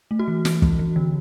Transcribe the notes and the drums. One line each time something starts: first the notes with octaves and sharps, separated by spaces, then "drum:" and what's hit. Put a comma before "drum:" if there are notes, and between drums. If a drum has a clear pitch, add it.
A3
F#4
E3
E3, drum: snare
E3, drum: kick
E3
D3